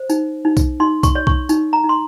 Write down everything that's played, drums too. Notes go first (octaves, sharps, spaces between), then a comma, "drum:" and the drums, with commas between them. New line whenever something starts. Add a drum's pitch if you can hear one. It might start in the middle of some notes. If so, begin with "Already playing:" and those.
Already playing: C5
D#4, drum: tambourine
D#4
drum: kick B1, tambourine
D#4 C6
C#6, drum: kick B1, tambourine
C#5
C#6, drum: kick B1
D#4, drum: tambourine
A#5
D#4
C6